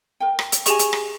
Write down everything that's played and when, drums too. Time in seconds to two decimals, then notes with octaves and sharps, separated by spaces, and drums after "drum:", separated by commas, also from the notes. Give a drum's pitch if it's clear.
0.20 A#4 G5
0.39 drum: rim click
0.52 drum: hi-hat
0.66 G4 G#4 D#5 G#5 C#6, drum: hi-hat
0.79 drum: hi-hat
0.93 drum: rim click